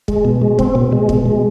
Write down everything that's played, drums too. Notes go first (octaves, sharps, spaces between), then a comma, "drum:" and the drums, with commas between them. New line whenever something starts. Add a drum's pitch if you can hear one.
G#3, drum: kick
B2
G#3
C4, drum: kick
B2
G#3
B2, drum: kick
G#3